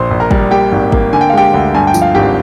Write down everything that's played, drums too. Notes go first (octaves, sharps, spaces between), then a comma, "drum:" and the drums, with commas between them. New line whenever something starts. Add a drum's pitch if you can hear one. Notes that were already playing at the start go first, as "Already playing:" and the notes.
Already playing: A#1 C5 C6
A#1
A#4 A#5
G3, drum: kick
A#3 G4 G5
G#1
A#3, drum: kick
D3 G#5
G5
F5
G#3 G4 G5
D2
G2 G#5
G5
F3, drum: tambourine
F5
G#1 G4 G5